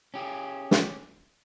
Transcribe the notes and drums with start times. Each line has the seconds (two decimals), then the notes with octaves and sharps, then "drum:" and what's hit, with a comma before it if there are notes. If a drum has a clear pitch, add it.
0.14 C#4 G4 G#4
0.71 drum: snare